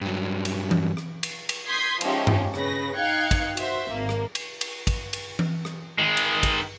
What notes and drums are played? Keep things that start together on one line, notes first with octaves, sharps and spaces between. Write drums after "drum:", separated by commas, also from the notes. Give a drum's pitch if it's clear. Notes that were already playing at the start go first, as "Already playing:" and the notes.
G2 F#3
drum: cymbal
drum: tom E3
drum: rim click
drum: cymbal
drum: cymbal
C6 D#6 G6 G#6 B6 C7
F3 G#3 C#4 D#4 G4 E5, drum: cymbal
drum: tom G2
C#3 B4 A#6, drum: rim click
D#4 F5 G5 F#6 G#6 C#7
drum: kick, cymbal
F#4 C5 E5, drum: cymbal
G#1 A#3
drum: rim click
drum: cymbal
drum: cymbal
drum: kick, cymbal
drum: cymbal
drum: tom E3
drum: rim click
D#3 G#3
drum: cymbal
drum: kick, cymbal